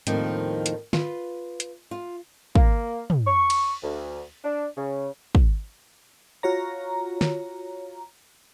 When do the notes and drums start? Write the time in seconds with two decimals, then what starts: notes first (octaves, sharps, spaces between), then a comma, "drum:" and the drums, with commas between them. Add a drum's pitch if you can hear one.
0.07 D#2 A2 D#3 F3 G3 C4, drum: hi-hat
0.66 drum: hi-hat
0.93 F4 B4, drum: snare
1.60 drum: hi-hat
1.91 F4
2.55 A#3, drum: kick
3.10 drum: tom
3.27 C#6
3.50 drum: cymbal
3.83 D2
4.44 D4
4.77 C#3
5.35 drum: kick
6.43 F4 F#4 C#5 A#5
7.21 drum: snare